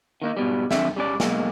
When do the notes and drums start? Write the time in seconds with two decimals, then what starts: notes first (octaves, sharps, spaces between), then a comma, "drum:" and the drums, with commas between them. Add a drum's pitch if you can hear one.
0.22 D#3 A#3 D#4
0.37 G#2 B2 G3
0.71 F2 D3 F3 C4 E5, drum: snare
0.96 G3 C#4 D5
1.20 B1 F2 G#3 A#3, drum: snare